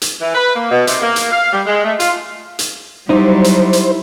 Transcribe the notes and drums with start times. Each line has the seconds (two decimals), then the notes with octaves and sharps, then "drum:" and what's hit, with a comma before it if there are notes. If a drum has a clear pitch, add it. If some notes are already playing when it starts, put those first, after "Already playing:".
0.02 drum: hi-hat
0.21 E3
0.34 B4
0.56 A#3
0.71 B2
0.87 C3, drum: hi-hat
1.02 A#3
1.16 drum: hi-hat
1.31 F5
1.53 G3
1.67 G#3
1.85 A3
2.00 F4, drum: hi-hat
2.59 drum: hi-hat
3.09 F#3 G3 D#4 E4 C5
3.44 drum: hi-hat
3.73 drum: hi-hat